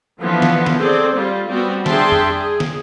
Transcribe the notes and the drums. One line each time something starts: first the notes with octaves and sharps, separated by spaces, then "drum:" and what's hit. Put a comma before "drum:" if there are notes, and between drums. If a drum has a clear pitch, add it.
D3 E3 F3 B3
drum: snare
drum: snare
C4 G#4 A4 C5 D5
G3 F4
G3 B3 C4 F#4
D4 G#4 E5 G5 A5 C6, drum: snare
drum: tom F2
G#4
drum: snare